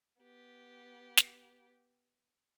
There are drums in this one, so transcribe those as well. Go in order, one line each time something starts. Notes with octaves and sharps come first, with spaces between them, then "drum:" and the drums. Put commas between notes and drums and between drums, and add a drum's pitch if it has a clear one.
B3 G4
drum: snare